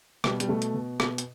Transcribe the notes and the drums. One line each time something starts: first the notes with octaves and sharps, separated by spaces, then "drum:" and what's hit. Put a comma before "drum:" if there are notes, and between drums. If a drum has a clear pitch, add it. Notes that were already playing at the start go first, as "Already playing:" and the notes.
B2 G3, drum: rim click
G3, drum: hi-hat
B2 A3
drum: hi-hat
B2
B2, drum: rim click
drum: hi-hat